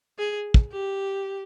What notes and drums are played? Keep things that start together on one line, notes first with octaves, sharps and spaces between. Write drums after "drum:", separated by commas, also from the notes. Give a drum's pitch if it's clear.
G#4
drum: kick
G4